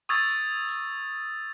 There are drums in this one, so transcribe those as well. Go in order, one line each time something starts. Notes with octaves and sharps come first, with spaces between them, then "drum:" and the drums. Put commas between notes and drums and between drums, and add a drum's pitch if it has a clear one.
C#6 D#6 E6 G#6 A6
drum: hi-hat
drum: hi-hat